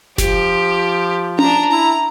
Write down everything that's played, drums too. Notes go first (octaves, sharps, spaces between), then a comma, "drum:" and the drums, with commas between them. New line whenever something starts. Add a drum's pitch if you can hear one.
F3 G4, drum: snare F#1
D4 A#5, drum: tom C#4
E4 A#5